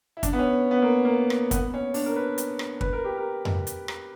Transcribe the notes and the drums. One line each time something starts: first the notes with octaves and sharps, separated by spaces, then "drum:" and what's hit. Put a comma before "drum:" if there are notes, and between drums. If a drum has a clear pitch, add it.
E4
D4, drum: kick, hi-hat
B3
C#4
B3
A#3
A#3
drum: rim click
B3, drum: kick, hi-hat
C#4
D4, drum: open hi-hat
A#4
B4
drum: hi-hat
drum: rim click
B4, drum: kick
A#4
G4
A#4
drum: tom F2
drum: hi-hat
drum: rim click